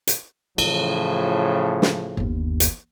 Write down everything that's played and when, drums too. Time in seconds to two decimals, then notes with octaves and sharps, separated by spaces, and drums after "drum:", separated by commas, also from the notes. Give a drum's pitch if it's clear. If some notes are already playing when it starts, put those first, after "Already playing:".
0.07 drum: hi-hat
0.58 A2 C#3 E3 F3, drum: cymbal
1.82 drum: snare
2.17 G1 D#2
2.60 drum: hi-hat